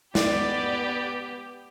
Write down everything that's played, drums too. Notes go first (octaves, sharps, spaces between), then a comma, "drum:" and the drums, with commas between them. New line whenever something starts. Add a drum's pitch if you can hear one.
B3 G4 D5, drum: snare